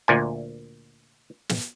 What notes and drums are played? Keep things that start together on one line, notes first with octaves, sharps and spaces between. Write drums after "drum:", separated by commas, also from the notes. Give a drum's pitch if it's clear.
D2 A#2 G#5
drum: snare